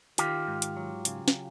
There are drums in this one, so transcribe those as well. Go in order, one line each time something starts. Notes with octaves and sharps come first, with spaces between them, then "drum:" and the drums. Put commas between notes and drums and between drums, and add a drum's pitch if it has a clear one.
D#3 F4 G4, drum: hi-hat
G#2
drum: hi-hat
F#3
C#3, drum: hi-hat
drum: snare